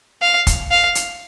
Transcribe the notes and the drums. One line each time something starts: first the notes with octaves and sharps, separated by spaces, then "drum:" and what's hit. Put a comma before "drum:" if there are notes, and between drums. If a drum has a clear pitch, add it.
F5
drum: kick, hi-hat
F5
drum: hi-hat